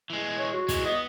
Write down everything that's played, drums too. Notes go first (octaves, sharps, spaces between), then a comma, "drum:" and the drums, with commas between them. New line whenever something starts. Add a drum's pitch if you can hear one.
E3 G#3
C#5
F#4
E3 G#3, drum: kick, hi-hat
B3 D#5